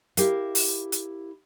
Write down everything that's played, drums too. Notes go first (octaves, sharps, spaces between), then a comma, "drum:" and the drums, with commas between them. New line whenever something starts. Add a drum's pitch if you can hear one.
E4 G4 A#4 F5, drum: hi-hat
drum: open hi-hat
drum: hi-hat